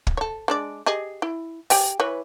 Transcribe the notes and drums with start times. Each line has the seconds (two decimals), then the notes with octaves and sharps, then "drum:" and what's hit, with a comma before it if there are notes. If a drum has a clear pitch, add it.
0.07 drum: kick
0.17 A4 C#5
0.48 G#3 D4 D5
0.86 G4 G#4 D#5
1.22 E4
1.70 G4 G5 G#5, drum: open hi-hat
2.00 E3 B4 C#5